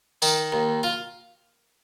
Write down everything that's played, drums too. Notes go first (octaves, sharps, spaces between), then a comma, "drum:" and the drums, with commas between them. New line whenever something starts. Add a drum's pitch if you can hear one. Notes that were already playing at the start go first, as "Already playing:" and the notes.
D#3, drum: tambourine
D#2
F4